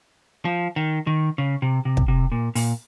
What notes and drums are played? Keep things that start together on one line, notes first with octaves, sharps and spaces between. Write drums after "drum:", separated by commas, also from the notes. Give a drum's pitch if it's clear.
F3
D#3
D#3
C#3
C3
C3
drum: kick
C3
A#2
A#2, drum: open hi-hat